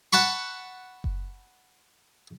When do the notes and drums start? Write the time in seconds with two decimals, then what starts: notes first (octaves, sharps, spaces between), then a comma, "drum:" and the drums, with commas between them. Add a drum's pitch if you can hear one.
0.13 F#5 A5 B5 C#6
1.04 drum: kick F#1